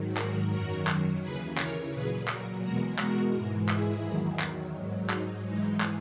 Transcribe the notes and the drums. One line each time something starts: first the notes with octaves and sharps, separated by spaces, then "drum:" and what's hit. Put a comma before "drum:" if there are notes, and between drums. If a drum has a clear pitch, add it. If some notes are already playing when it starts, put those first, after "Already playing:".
Already playing: G#2 D#3 F#3
F#4 A#4, drum: clap
F#2 D#3 F#3 F#4 A#4
drum: clap
D#2 C#3 E3 G#4 B4
A#4 C#5, drum: clap
A#2 F#3 G#4 B4
F#4 A#4, drum: clap
E2 B2 G#3 F#4 A#4
F#4 A#4, drum: clap
G#2 E3 G#3
E4 G#4, drum: clap
E2 D#3 F#3
drum: clap
G#2 F#3
D#4, drum: clap
G#2 E3 G#3 D#4
drum: clap